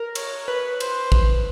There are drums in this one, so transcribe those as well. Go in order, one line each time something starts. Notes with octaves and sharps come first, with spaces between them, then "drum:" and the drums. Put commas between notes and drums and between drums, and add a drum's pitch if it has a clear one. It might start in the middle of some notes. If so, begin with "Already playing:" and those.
Already playing: A#4
C#5, drum: cymbal
B4
C5, drum: cymbal
drum: kick